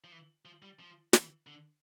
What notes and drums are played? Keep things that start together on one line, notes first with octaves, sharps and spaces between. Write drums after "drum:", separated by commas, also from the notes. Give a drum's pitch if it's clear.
F3
E3
F3
G3
F3
E3, drum: snare
D3